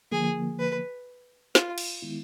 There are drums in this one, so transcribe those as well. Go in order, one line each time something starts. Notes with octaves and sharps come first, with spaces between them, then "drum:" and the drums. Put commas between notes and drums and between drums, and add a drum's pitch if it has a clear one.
D3 F3 A#3 G#4
B4
F4, drum: snare
drum: cymbal
D#3 G#3 B3 E4